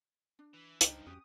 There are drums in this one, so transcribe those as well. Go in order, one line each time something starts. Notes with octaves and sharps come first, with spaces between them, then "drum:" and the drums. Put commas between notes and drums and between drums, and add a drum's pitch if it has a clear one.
D4
E3
C#2 G2 F3 D4 D#4 C5 G5, drum: hi-hat
F2 C#4 F#4 G4 D#6